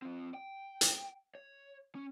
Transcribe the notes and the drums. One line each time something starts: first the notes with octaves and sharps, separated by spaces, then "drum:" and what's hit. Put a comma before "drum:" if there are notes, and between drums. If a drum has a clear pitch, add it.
C4 F4
G5
drum: hi-hat
C#5
C#4